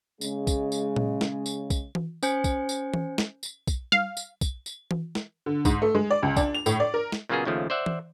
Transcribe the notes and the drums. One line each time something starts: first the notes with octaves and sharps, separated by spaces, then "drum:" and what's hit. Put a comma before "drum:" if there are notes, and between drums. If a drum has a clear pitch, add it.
C#3 G#3, drum: tambourine
drum: kick, tambourine
drum: tambourine
drum: tom A#2
drum: snare
drum: tambourine
drum: kick, tambourine
drum: tom E3
C#4 C5 G#5 G6 C#7, drum: tambourine
drum: kick, tambourine
drum: tambourine
drum: tom E3
drum: snare
drum: tambourine
drum: kick, tambourine
F5, drum: tom G3
drum: tambourine
drum: kick, tambourine
drum: tambourine
drum: tom E3
drum: snare
D3
G#2, drum: kick, tambourine
A3
G#3
D5
C#2
D4, drum: kick, tambourine
F7
A2, drum: tambourine
D5
A#4
drum: snare
A#2 C#3 F#3 A#3 B3 G#4
D#2 C#3 F3 A3
C5 D5 E5 F#5
drum: tom E3